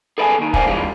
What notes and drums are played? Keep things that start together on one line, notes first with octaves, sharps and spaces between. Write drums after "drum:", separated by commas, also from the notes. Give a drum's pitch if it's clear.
G#4 A4 B4 D5 F5 G#5
D#2 D#3
A#4 C5 D5 F5 G#5, drum: kick
G2 E3 G3 G#3 F4